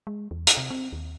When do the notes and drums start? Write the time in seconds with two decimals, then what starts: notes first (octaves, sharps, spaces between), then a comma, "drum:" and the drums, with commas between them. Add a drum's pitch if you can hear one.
0.07 G#3
0.31 E2
0.47 drum: hi-hat
0.57 C3
0.70 C4
0.93 D#2